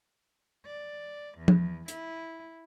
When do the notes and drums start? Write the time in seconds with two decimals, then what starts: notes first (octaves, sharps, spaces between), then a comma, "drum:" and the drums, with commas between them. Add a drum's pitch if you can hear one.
0.66 D5
1.37 E2
1.48 drum: tom
1.88 E4, drum: hi-hat